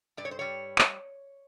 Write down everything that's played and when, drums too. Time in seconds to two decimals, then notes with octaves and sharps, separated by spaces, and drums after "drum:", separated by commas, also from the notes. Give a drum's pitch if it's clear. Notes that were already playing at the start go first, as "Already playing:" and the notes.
0.17 G2 D5
0.25 C#5
0.31 C5
0.39 G3 C#5
0.78 drum: clap